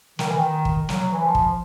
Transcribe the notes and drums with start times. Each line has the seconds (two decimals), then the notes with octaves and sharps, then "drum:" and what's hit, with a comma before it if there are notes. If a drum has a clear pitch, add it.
0.19 D#3, drum: snare
0.28 E3
0.36 D#3
0.65 drum: kick
0.89 F#3, drum: snare
1.12 E3
1.23 F3
1.35 drum: kick